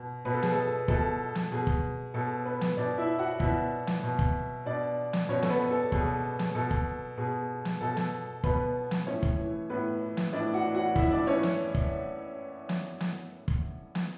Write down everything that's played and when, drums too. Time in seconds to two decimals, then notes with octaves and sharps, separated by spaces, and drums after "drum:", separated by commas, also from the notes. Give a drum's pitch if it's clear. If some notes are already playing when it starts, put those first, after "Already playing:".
Already playing: B2
0.25 B2 B4
0.33 A4
0.43 G#4, drum: snare
0.51 A4
0.88 B2 A4, drum: kick
1.35 drum: snare
1.52 B2 G#4
1.67 drum: kick
2.14 B2 A4
2.45 B3 B4
2.61 drum: snare
2.77 B2 D4 D5
2.98 E4 E5
3.19 F#4 F#5
3.40 B2 E4 E5, drum: kick
3.87 drum: snare
4.03 B2
4.19 drum: kick
4.66 B2 D4 D5
5.13 drum: snare
5.29 B2 C#4 C#5
5.43 A4, drum: snare
5.50 B3 B4
5.71 A4
5.92 B2 G#4, drum: kick
6.39 drum: snare
6.55 B2 A4
6.71 drum: kick
7.17 B2 G#4
7.65 drum: snare
7.81 B2 A4
7.97 drum: snare
8.44 B2 B3 B4, drum: kick
8.91 drum: snare
9.07 A2 C#4 C#5
9.23 drum: kick
9.38 E3
9.70 A2 B3 B4
10.01 E3
10.17 drum: snare
10.32 A2 D4 D5
10.54 F#4 F#5
10.64 E3
10.75 F#4 F#5
10.96 A2 E4 E5, drum: kick
11.12 D4 D5
11.27 E3 C#4 C#5
11.43 drum: snare
11.75 drum: kick
12.69 drum: snare
13.00 drum: snare
13.48 drum: kick
13.95 drum: snare